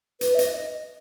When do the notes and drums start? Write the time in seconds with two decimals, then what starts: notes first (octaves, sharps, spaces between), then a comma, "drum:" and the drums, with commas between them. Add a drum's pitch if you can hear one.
0.21 B4, drum: hi-hat
0.35 E5
0.39 D#5, drum: hi-hat